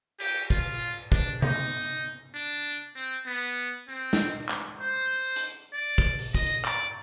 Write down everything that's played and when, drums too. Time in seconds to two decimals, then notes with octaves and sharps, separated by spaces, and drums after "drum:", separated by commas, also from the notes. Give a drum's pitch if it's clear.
0.20 G4, drum: cymbal
0.50 F4, drum: kick
1.12 D4, drum: kick
1.42 D#4, drum: tom C3
2.35 D4
2.96 C4
3.27 B3
3.89 C4, drum: tambourine
4.13 drum: snare
4.49 drum: clap
4.81 C5
5.36 drum: hi-hat
5.73 D5
5.98 drum: kick
6.19 drum: open hi-hat
6.34 D#5, drum: kick
6.46 drum: hi-hat
6.65 D5, drum: clap